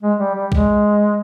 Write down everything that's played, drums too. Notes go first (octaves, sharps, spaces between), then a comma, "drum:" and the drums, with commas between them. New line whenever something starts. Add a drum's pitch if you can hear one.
G#3
G3
G3
G#3, drum: kick B1